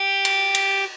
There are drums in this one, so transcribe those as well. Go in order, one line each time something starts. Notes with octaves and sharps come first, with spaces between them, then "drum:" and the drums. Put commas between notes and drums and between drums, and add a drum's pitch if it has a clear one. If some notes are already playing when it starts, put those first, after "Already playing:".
Already playing: G4
drum: cymbal
drum: cymbal